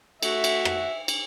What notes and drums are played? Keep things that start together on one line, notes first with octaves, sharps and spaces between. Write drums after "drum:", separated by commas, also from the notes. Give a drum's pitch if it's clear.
A3 F#4 E5, drum: cymbal
drum: cymbal
drum: rim click
drum: cymbal